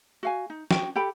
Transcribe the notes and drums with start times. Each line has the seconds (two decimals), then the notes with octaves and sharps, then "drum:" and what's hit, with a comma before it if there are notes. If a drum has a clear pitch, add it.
0.23 F#4 F5 G#5
0.50 D#4
0.71 F#4 G5, drum: snare
0.96 G4 A4 G5 B5